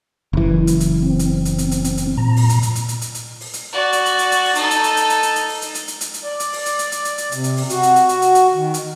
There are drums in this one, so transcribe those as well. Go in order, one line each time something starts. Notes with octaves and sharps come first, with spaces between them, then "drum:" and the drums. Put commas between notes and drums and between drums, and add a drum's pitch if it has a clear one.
F#1 E3
drum: hi-hat
drum: hi-hat
C4
drum: hi-hat
drum: hi-hat
drum: hi-hat
drum: hi-hat
drum: hi-hat
drum: hi-hat
A#2 A#5
drum: open hi-hat
drum: hi-hat
drum: hi-hat
drum: hi-hat
drum: hi-hat
drum: hi-hat
drum: hi-hat
drum: open hi-hat
drum: hi-hat
F#4 D5
drum: hi-hat
drum: hi-hat
drum: hi-hat
drum: hi-hat
drum: open hi-hat
D#4 A4, drum: hi-hat
drum: hi-hat
drum: hi-hat
drum: hi-hat
drum: hi-hat
drum: hi-hat
drum: hi-hat
drum: open hi-hat
drum: hi-hat
drum: hi-hat
drum: hi-hat
drum: hi-hat
drum: hi-hat
D5
drum: hi-hat
drum: open hi-hat
drum: hi-hat
drum: hi-hat
drum: hi-hat
drum: hi-hat
drum: hi-hat
C3, drum: hi-hat
drum: hi-hat
drum: open hi-hat
F#4, drum: hi-hat
drum: hi-hat
drum: hi-hat
drum: hi-hat
drum: hi-hat
drum: hi-hat
D#3
drum: hi-hat